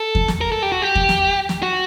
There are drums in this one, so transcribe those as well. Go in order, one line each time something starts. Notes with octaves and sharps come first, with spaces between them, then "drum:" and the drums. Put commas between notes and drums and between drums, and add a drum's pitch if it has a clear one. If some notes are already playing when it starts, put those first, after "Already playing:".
Already playing: A4
drum: kick E2
drum: snare
A#4
A4
G4
F#4
G4
drum: kick E2
drum: snare
drum: snare
F#4